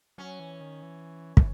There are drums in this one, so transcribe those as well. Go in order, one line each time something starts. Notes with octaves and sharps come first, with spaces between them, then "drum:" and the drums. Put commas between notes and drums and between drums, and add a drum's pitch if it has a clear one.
F#3 C#4
E3
D#3
E3
E3, drum: kick